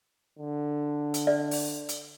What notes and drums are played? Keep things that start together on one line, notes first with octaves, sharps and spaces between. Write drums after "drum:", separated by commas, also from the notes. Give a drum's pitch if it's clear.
D3
drum: hi-hat
D5
drum: open hi-hat
drum: hi-hat